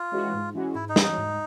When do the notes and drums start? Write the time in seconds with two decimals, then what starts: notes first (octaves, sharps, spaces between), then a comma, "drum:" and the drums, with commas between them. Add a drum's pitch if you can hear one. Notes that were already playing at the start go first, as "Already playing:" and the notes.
Already playing: F4
0.12 E3 G#3 C#4 F#4
0.33 G#2
0.54 E3 G#3 C#4 F#4
0.75 G#2 E4
0.89 D#4
0.96 E3 G#3 C#4 F#4, drum: snare
1.03 D#4
1.17 G#2